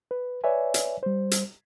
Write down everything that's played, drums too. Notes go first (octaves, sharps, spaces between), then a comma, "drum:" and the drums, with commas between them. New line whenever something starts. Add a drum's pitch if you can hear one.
B4
B4 C#5 D5 E5 G#5
drum: hi-hat
G3 C5
drum: hi-hat